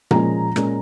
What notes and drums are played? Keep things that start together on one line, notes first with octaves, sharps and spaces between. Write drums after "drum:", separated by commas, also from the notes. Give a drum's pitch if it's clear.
A#2 F3 G#3 C#4 A#5, drum: tom A#2
A#2 G#3 C#4, drum: rim click